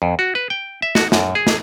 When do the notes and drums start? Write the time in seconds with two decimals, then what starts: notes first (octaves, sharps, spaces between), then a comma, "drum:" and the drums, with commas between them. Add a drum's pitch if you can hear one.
0.02 F2
0.19 F#4
0.35 B4
0.50 G5
0.82 E5
0.95 F#4, drum: snare
1.12 F#2, drum: snare
1.35 G#4
1.47 drum: snare